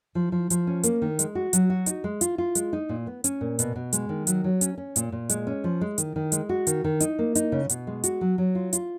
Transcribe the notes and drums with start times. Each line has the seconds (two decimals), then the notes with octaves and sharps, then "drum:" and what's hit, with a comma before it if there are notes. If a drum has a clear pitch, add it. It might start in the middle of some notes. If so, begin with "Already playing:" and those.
0.15 F3
0.32 F3
0.50 F3, drum: hi-hat
0.67 C#4
0.84 A#3, drum: hi-hat
1.02 D#3
1.19 G#3, drum: hi-hat
1.35 F#4
1.53 F#3, drum: hi-hat
1.70 F#4
1.86 D#4, drum: hi-hat
2.04 G#3
2.21 F4, drum: hi-hat
2.38 F4
2.55 G#3, drum: hi-hat
2.73 D#4
2.89 A#2
3.07 B3
3.24 C#4, drum: hi-hat
3.41 A#2
3.59 B2, drum: hi-hat
3.76 B2
3.93 G#3, drum: hi-hat
4.09 D#3
4.27 F#3, drum: hi-hat
4.44 F#3
4.61 C#4, drum: hi-hat
4.78 C#4
4.96 A#2, drum: hi-hat
5.12 A#2
5.30 G#3, drum: hi-hat
5.47 C#4
5.64 F3
5.81 G#3
5.98 D#3, drum: hi-hat
6.16 D#3
6.32 G#3, drum: hi-hat
6.49 F#4
6.67 D#3, drum: hi-hat
6.84 D#3
7.01 D#4, drum: hi-hat
7.19 A#3
7.35 D#4, drum: hi-hat
7.52 C#3
7.70 B2, drum: hi-hat
7.87 G#3
8.04 F#4, drum: hi-hat
8.21 F#3
8.38 F#3
8.55 F4
8.73 F4, drum: hi-hat